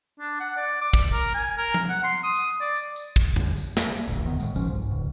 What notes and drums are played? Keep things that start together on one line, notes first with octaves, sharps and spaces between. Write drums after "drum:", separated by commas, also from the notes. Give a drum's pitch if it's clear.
D4
F#5
D5
D6
drum: kick, tambourine
A#4, drum: tambourine
G#5, drum: tambourine
A#4
drum: tom F3
F#5
C6
D#6
drum: tambourine
D5
drum: tambourine
drum: tambourine
drum: kick, tambourine
drum: tom F2
drum: tambourine
drum: snare
drum: tambourine
D#1 A1 D2
F#1 D#3 B3
A2 G#3, drum: tambourine
G#1 C#2 F3 C#4, drum: tambourine
C2 G#2
F1 C#2